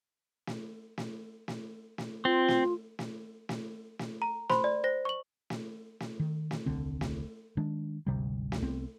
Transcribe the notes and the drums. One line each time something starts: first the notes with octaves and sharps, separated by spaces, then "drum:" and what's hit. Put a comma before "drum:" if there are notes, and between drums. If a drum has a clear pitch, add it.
drum: snare
drum: snare
drum: snare
drum: snare
C4 F4
drum: snare
drum: snare
drum: snare
drum: snare
A#5
C5 B5 C6, drum: snare
D5
C5 A#6
C#6 F#7
drum: snare
drum: snare
D#3
drum: snare
D#1 C2 D3 C4
drum: snare
D#3 G#3 D4
G#1 D2 C3 G3
drum: snare
C2 B3 C4